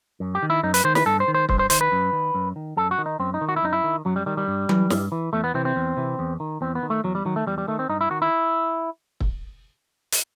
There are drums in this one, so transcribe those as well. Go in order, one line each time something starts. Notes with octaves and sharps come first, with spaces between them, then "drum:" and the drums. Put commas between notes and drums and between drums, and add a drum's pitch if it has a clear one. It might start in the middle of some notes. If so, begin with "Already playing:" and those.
F#2
G4
D#3
E4
F#2 D#4
B4, drum: hi-hat
D#3 C5
B4, drum: snare
G2 A4
C5
D#3
C5
G2 C5, drum: kick
C5
D#3 C5, drum: hi-hat
B4
F#2
D#3
F#2
D#3
F#2 A4
F#4
D#3
D#4
F#2 C4
D#4
D#3
F#4
E4
F#2 D#4
E4
D#3
F#2 F#3
G3
D#3 G3
G3
G2
E3, drum: tom F#3
G2, drum: snare
E3
E2 A3
B3
C3 E3 C4
C4
E2
C3 E3
E2
D#3
E2 C4
B3
D#3
A3
E2 F#3
G3
D#3 F#3
A3
E2 G3
G3
D#3 A3
C4
G2 D#4
E4
D#3 F#4
E4
drum: kick
drum: hi-hat